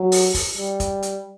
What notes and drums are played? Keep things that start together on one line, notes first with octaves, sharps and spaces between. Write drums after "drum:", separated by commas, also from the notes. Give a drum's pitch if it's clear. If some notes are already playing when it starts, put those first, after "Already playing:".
Already playing: F#3
drum: open hi-hat
drum: kick, open hi-hat
G3
drum: kick, hi-hat
drum: hi-hat